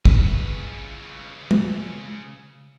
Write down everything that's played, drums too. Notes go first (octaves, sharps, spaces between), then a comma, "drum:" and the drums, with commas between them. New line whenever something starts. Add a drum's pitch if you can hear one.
C#3 B4, drum: kick
drum: tom